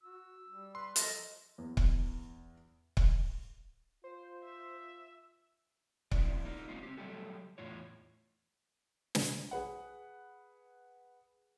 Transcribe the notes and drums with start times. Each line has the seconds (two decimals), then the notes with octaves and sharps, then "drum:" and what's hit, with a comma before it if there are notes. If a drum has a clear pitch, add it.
0.03 F#4 E6
0.49 G3
0.75 B4 C6
0.96 F3 A4 A#4 D#5, drum: hi-hat
1.58 E2
1.77 drum: kick C#1
2.97 drum: kick C#1
4.04 F4 C5
4.44 E5
6.11 E2 C3 E3 G#3 E4 D5, drum: kick C#1
6.45 A#3 D#4 F4
6.69 G#3 C4 C#4 D#4 F4
6.83 C4 G4
6.97 F#3 G3 A3 G4 A4
7.58 E2 A2 F4 C#5
9.15 drum: snare
9.51 G#4 B4 F#5